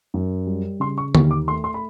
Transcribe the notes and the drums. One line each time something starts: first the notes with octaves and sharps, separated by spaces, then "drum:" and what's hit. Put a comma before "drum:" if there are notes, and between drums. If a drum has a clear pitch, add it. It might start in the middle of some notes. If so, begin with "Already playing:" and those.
F#2
G3
C#3 C6
C#6
D#2 C#6, drum: tom D3
D6
A3 C6
C6
B5